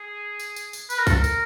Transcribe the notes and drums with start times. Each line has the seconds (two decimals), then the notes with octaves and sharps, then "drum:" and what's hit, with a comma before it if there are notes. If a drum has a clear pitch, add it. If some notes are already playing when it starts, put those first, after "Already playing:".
Already playing: G#4
0.40 drum: tambourine
0.56 drum: tambourine
0.73 drum: tambourine
0.90 B4, drum: tambourine
0.98 A#4
1.07 A4, drum: kick B1, tambourine
1.14 A#4
1.24 drum: tambourine